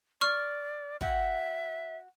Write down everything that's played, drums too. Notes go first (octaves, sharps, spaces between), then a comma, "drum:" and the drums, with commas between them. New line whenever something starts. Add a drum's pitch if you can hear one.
D5 C#6 F6
F#4 E5 F#5 G5, drum: kick